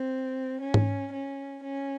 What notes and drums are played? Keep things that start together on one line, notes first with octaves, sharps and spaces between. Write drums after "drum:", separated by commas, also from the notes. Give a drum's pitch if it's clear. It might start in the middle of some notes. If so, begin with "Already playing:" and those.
Already playing: C4
C#4
drum: tom G#2
C#4
C#4